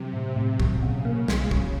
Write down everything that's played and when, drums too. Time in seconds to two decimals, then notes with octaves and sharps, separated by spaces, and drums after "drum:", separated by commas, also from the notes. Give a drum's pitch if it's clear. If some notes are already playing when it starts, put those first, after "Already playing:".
Already playing: C3 F#3
0.14 A2
0.36 A2
0.60 C#3 F#3, drum: kick
0.82 B2
1.05 A#3
1.28 B1, drum: snare
1.51 F#3, drum: kick